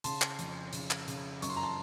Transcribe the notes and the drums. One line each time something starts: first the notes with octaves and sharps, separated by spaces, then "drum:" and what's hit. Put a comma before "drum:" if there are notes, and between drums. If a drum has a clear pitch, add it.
C#3 A5 C6, drum: hi-hat
drum: clap
F2, drum: hi-hat
C#3, drum: hi-hat
drum: clap
C#3, drum: hi-hat
F#2 C#6, drum: hi-hat
C6
A#5
A5 C6